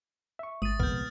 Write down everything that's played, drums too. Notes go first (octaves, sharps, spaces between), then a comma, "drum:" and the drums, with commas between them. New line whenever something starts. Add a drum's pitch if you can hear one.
E5 C#6
G#1 D#6 A6 D#7
C2 A#2 F3 G#3 B3 F6 G6, drum: kick B1